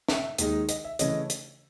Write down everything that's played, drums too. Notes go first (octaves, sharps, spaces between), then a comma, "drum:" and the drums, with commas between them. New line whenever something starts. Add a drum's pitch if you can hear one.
E5, drum: snare
D#2 D#3 G#3 D#4, drum: hi-hat
D#5, drum: hi-hat
E5
C#3 E3 A3 C#4 D#5, drum: hi-hat
drum: hi-hat